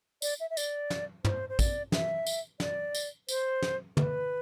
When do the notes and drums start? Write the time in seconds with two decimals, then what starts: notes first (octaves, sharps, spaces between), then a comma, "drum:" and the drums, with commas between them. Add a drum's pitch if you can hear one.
0.22 D5, drum: tambourine
0.40 E5
0.50 E5
0.57 D5, drum: tambourine
0.90 drum: snare
1.25 C5, drum: tom
1.49 C5
1.59 D5, drum: kick, tambourine
1.92 E5, drum: snare
2.26 drum: tambourine
2.60 D5, drum: snare
2.94 drum: tambourine
3.29 C5, drum: tambourine
3.63 drum: snare
3.97 B4, drum: tom